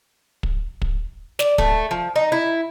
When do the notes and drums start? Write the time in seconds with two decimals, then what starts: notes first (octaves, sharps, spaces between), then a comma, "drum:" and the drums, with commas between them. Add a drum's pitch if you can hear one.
0.43 drum: kick
0.82 drum: kick
1.39 D5, drum: snare
1.58 A3, drum: kick
1.91 F3
2.16 D#4
2.32 E4